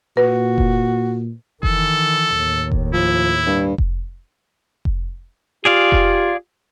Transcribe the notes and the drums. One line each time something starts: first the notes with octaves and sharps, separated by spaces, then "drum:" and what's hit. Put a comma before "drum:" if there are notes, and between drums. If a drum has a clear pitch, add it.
A#2 F#4 B4
drum: kick F1
D#3 E3 A4, drum: kick F1
D#2 A2
drum: kick F1
F3 E4
G2
drum: kick F1
drum: kick F1
F4 G4 G#4 D5 F5
drum: kick F1